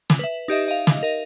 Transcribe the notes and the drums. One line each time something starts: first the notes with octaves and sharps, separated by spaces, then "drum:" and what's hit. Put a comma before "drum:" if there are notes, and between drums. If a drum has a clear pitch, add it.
drum: snare
B4 E5
D#4 G4 D#5 E5
D#5 F5
drum: snare
A#4 D#5